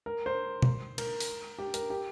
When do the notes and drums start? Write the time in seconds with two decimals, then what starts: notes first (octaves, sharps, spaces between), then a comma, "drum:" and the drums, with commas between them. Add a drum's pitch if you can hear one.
0.06 A#4
0.26 C5
0.62 drum: tom B2
0.98 A#4, drum: cymbal
1.20 drum: open hi-hat
1.59 G4
1.74 A#4, drum: hi-hat
1.90 G4